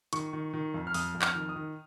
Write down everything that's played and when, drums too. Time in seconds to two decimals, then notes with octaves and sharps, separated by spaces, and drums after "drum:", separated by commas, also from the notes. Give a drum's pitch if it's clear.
0.13 D#3 C#6, drum: hi-hat
0.33 D#3
0.54 D#3
0.74 F2
0.87 F6
0.94 F2 D#6, drum: open hi-hat
1.15 F2
1.22 F6, drum: clap
1.35 D#3
1.49 D#6
1.56 D#3